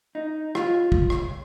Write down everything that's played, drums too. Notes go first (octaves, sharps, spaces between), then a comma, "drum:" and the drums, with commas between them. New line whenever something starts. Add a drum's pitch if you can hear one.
D#4
F4, drum: rim click
drum: kick
drum: rim click